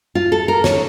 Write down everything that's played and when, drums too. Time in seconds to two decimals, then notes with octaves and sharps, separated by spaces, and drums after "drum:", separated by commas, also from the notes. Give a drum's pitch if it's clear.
0.15 F4
0.32 A4
0.48 A#4
0.64 C#5, drum: snare